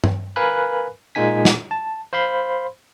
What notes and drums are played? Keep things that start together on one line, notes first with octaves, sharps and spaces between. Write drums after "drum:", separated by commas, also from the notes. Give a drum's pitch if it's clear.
drum: tom
A#4 B4 F5 G#5 B5 F#6
A#2 G#3 A#3 D#4 G#5 B6
drum: snare
A5
C5 F5 B5 C6